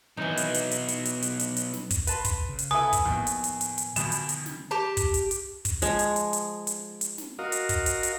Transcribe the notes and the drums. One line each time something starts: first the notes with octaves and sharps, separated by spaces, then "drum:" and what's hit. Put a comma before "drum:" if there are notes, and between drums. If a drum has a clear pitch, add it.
B1 E3 F#3 D#4
drum: hi-hat
drum: hi-hat
drum: hi-hat
drum: hi-hat
drum: hi-hat
drum: hi-hat
drum: hi-hat
drum: hi-hat
drum: snare
drum: kick, hi-hat
B4 A5 C6, drum: hi-hat
drum: kick, hi-hat
C#3
drum: hi-hat
C2 E4 A4 B4 G#5 D#6
drum: kick, hi-hat
D#2 A2 F3 B3
drum: hi-hat
drum: hi-hat
drum: hi-hat
drum: hi-hat
B1 F2 B2 D3 D#3 E7, drum: hi-hat
drum: hi-hat
drum: hi-hat
drum: snare
G4 A5
drum: kick, hi-hat
drum: hi-hat
drum: hi-hat
drum: kick, hi-hat
F3 G#3, drum: hi-hat
drum: hi-hat
drum: hi-hat
drum: hi-hat
drum: hi-hat
drum: hi-hat
drum: snare
F#4 A#4 D#5 F5
drum: hi-hat
drum: kick, hi-hat
drum: hi-hat
drum: hi-hat